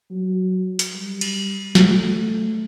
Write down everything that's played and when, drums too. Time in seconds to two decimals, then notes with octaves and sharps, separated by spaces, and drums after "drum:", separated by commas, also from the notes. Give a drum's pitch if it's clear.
0.11 F#3
0.79 drum: hi-hat
0.93 G3
1.21 drum: cymbal
1.75 A3, drum: snare